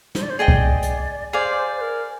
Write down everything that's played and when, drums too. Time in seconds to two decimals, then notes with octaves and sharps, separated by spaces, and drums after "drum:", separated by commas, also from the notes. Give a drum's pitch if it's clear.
0.15 C5, drum: snare
0.22 D5
0.30 C5
0.38 G#4 D5 D#5 G5
0.48 drum: kick C2
0.82 drum: hi-hat
1.33 G#4 C5 D5 F5
1.57 C5
1.76 C5
1.81 A#4